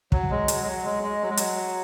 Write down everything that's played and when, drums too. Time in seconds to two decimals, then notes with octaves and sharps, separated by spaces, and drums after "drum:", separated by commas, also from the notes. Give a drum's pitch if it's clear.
0.12 F#3, drum: kick
0.30 G#3
0.48 F#3, drum: hi-hat
0.63 G#3
0.67 F#3
0.85 G#3
1.03 G#3
1.22 F#3
1.30 G#3
1.37 F#3, drum: hi-hat